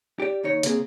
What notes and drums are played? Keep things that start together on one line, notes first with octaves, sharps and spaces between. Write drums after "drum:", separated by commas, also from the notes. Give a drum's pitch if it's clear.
G4 D5
D#2 D#4 C#5
C#3 A#3 C4 G#4, drum: hi-hat